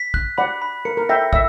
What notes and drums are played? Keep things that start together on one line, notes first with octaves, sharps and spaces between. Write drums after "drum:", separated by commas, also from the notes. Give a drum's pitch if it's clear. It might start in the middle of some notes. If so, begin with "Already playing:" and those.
Already playing: B6
F#6, drum: kick
D5 F#5 B5
B5
A#4 C#7
A#4
E5 G5 A#6
E5 E6, drum: kick